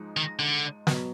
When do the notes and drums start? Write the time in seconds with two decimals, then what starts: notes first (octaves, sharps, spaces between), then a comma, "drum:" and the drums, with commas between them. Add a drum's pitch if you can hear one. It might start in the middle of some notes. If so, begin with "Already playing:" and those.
Already playing: G#2 F3 G#3 D#4
0.17 D#3
0.39 D3
0.87 B2 F#3 B3, drum: snare